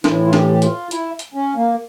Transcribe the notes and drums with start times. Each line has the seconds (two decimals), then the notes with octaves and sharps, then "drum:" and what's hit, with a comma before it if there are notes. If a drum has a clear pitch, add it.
0.04 A2 E3 E4, drum: snare
0.25 F4
0.33 G4, drum: snare
0.52 G4
0.62 F4, drum: hi-hat
0.91 E4, drum: hi-hat
1.19 drum: hi-hat
1.34 C#4
1.55 A#3